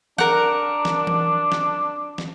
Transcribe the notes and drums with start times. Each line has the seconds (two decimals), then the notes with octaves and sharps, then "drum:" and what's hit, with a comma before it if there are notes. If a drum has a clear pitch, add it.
0.18 D4 A#4 F#5, drum: snare
0.85 drum: snare
1.07 drum: tom E3
1.52 drum: snare
2.18 drum: snare